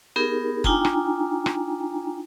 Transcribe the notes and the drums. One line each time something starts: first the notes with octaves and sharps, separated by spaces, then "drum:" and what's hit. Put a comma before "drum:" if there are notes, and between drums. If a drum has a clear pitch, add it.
B3 D#4 G4 G#4 A#4
D4 D#4 F4 G5 G#5 A#5, drum: kick F#1
drum: rim click
drum: rim click